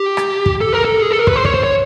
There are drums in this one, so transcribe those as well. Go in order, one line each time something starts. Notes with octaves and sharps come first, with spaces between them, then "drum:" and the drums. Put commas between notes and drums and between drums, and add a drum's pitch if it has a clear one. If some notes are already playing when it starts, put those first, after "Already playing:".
Already playing: G4
drum: rim click
drum: kick
A4
A#4
A4
G#4
A4
A#4
B4, drum: kick
C5
C#5, drum: kick
C5
C#5